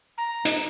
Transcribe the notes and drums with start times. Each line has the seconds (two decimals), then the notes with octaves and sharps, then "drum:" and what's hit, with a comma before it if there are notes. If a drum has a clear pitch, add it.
0.18 A#5
0.45 D#4, drum: hi-hat